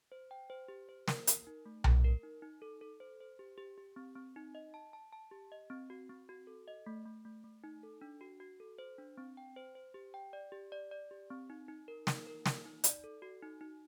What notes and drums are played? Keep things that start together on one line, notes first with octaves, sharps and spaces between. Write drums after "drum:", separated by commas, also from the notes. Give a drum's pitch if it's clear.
C5
G5
C5
G4
C5
A#4, drum: snare
A#4, drum: hi-hat
D#4
A3
A#4, drum: tom B1
A#4
D#4
D#4
A4
A4
C5
C5
G4
G4
G4
C4
C4
D#4
D#5
A5
A5
A5
G4
D#5
C4
F#4
C4
F#4
A4
D#5
A3
A3
A3
A3
D#4
A4
D4
F#4
F#4
A4
C5
D4
C4
G5
C5
C5
G4
G5
D5
G4
D5
D5
G4
C4
D#4
D#4
A#4
D#4, drum: snare
A#4
D#4, drum: snare
D#4
D5, drum: hi-hat
A4
F#4
D#4
D#4